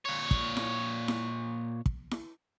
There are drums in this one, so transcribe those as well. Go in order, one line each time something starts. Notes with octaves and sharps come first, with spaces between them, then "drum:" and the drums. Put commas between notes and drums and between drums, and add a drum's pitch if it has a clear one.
A#2 C#5
drum: kick
drum: snare E4
drum: snare E4
drum: kick
drum: snare E4